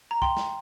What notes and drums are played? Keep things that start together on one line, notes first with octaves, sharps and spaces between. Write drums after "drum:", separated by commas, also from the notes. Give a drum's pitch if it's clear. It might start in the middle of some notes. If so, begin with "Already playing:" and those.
A#5
G5 C6, drum: kick C2
drum: snare